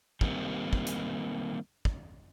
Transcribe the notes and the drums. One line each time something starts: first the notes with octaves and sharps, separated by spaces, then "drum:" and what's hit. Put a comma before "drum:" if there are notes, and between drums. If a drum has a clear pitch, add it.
D#3 G3 A#3 C4 D#4, drum: kick
drum: kick
drum: hi-hat
drum: kick